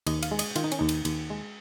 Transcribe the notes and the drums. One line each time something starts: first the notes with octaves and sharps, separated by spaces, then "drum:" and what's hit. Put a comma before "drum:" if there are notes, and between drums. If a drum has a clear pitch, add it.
D#2 D#5, drum: cymbal
F5, drum: cymbal
G#3
D#5, drum: cymbal
D#3 F4, drum: cymbal
D#4
C#4, drum: cymbal
D#2 D#4
drum: cymbal
D#2, drum: cymbal
G#3